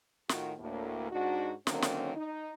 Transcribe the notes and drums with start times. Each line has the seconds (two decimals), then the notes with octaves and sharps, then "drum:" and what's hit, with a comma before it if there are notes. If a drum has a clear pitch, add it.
0.29 A2 D#3 F4 F#4, drum: snare
0.59 D2 A2 A#3
1.11 G#2 D4 D#4 F#4
1.67 D3 D#3 F#3 A#3 C4 C#4, drum: snare
1.82 drum: snare
2.16 D#4